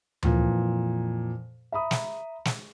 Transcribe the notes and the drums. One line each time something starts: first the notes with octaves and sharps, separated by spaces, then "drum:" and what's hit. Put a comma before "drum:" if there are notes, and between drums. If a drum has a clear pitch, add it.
F2 A#2 E3, drum: tom D2
E5 A#5 B5 D#6
drum: snare
drum: snare